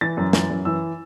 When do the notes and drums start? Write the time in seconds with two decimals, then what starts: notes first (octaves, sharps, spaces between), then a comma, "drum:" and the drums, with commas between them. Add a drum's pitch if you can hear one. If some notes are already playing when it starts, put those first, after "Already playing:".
0.01 E3 A6
0.17 F#2
0.33 E3, drum: snare
0.50 F#2
0.65 E3 E6